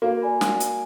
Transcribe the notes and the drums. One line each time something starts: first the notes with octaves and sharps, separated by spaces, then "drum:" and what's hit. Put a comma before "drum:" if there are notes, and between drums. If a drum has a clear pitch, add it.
A#3 F#4
D5 G#5 B5
drum: snare
drum: hi-hat